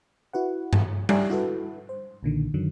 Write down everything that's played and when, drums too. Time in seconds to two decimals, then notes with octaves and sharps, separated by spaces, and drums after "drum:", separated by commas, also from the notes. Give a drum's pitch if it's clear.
0.33 E4 F#4 B4 F#5
0.73 drum: tom G2
1.09 G4 D5 E5 G#5 A#5 C6, drum: tom G3
1.30 E4 F#4 A4 B4
1.89 C5
2.23 B1 A#2 D3 D#3
2.54 F#2 D3 D#3 F#3